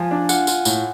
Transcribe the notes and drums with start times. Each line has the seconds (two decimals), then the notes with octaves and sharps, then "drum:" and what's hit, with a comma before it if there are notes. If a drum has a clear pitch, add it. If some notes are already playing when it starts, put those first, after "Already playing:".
Already playing: F3 G#5
0.11 D4
0.29 F4 F#5, drum: tambourine
0.47 F4, drum: tambourine
0.65 A2, drum: tambourine